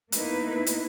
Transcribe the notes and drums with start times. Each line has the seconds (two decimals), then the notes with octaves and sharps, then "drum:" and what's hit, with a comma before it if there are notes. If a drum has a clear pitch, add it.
0.12 A#3 B3 D#4 E4 B4, drum: hi-hat
0.66 drum: hi-hat